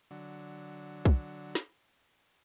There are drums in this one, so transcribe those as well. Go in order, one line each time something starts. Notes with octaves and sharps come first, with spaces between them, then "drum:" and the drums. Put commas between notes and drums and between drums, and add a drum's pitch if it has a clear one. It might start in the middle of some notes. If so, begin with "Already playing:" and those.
D3 F#3
drum: kick B1
drum: snare